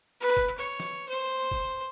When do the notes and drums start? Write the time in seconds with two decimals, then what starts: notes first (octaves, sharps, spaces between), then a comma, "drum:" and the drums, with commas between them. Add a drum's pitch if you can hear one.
0.20 B4
0.37 drum: kick
0.58 C#5
0.80 drum: snare
1.08 C5
1.51 drum: kick